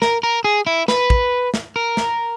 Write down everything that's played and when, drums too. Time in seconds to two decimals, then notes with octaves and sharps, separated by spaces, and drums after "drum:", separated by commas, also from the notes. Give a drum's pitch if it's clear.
0.02 A#4, drum: snare
0.23 A#4
0.44 G#4
0.66 E4
0.88 B4, drum: snare
1.10 drum: kick
1.54 drum: snare
1.76 A#4
1.97 drum: snare